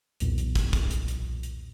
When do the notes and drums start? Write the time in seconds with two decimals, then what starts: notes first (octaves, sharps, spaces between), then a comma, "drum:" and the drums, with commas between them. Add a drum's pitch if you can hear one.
0.20 B1 E2 A#2, drum: hi-hat
0.38 drum: hi-hat
0.55 drum: kick, hi-hat
0.73 drum: kick, hi-hat
0.91 drum: hi-hat
1.08 drum: hi-hat
1.43 drum: hi-hat